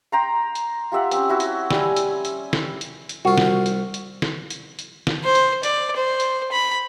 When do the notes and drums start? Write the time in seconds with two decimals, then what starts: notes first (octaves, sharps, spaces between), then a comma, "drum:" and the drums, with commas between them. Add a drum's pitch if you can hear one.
0.12 G5 A#5 C6
0.55 drum: hi-hat
0.92 F4 G4 E5 F#5
1.11 C4 C#4, drum: hi-hat
1.29 E4 F#4
1.40 drum: hi-hat
1.71 G3 G#5, drum: snare
1.96 drum: hi-hat
2.25 drum: hi-hat
2.53 drum: snare
2.81 drum: hi-hat
3.09 drum: hi-hat
3.25 C2 F4 F#4
3.38 drum: snare
3.66 drum: hi-hat
3.94 drum: hi-hat
4.22 drum: snare
4.50 drum: hi-hat
4.79 drum: hi-hat
5.07 drum: snare
5.24 C5
5.35 drum: hi-hat
5.63 D5, drum: hi-hat
5.96 C5
6.20 drum: hi-hat
6.52 B5